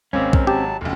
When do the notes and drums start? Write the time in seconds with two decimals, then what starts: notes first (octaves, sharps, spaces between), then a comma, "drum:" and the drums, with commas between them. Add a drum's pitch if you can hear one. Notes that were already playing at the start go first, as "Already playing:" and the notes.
0.13 G#1 A#3 C4 C#4
0.33 A#4, drum: kick B1
0.47 F#3 G4 A5
0.81 F1 C#2